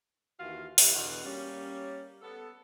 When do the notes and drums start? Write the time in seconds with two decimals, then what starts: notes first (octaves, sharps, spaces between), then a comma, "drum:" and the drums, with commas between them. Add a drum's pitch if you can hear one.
0.39 D#2 E3 F4 F#4 F5
0.78 E3 G3, drum: open hi-hat
0.93 E2 B2 D3 F#5
1.23 G3 A#3 C#4
2.21 B3 A4